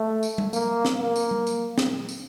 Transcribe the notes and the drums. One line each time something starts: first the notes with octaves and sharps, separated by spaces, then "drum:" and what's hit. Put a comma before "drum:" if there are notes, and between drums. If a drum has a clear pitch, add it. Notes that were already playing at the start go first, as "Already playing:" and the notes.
Already playing: A3
drum: tambourine
drum: tom G3
A#3, drum: tambourine
drum: snare
A#3
drum: tambourine
drum: tom G3
drum: tambourine
drum: snare
drum: tambourine